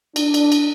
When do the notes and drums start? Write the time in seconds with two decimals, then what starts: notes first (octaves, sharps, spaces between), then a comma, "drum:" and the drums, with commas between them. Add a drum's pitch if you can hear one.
0.16 D4, drum: cymbal
0.34 drum: cymbal
0.52 drum: cymbal